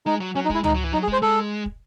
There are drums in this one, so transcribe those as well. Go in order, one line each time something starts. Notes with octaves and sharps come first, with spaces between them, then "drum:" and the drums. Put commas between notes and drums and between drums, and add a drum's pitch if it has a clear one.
G#3 D#4
F#3
F#3 C#4
D#4
G#3 E4, drum: kick
G#3 D#4, drum: tom C#2
F#3
E3
F#3 D#4
G#4
G#3 C5, drum: kick
G#3 A4
drum: kick